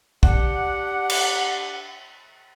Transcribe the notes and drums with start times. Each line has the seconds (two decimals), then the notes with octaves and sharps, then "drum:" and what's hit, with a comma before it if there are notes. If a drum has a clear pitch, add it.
0.23 D4 G4 F#5, drum: kick A#1
1.10 drum: cymbal